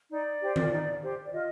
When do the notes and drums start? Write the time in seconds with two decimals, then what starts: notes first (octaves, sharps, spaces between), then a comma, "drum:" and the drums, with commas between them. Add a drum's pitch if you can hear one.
0.10 D#4 D5
0.41 G4 C5
0.56 drum: tom D#3
0.71 D#4
1.02 G4 C5
1.26 D5
1.31 F4 D#5